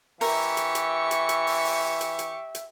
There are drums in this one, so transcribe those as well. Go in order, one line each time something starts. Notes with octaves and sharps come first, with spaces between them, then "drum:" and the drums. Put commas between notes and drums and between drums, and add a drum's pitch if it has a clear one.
E3 G4 A#4 E5 C#6, drum: open hi-hat
drum: hi-hat
drum: hi-hat
drum: hi-hat
drum: hi-hat
drum: open hi-hat
drum: open hi-hat
drum: hi-hat
drum: hi-hat
drum: hi-hat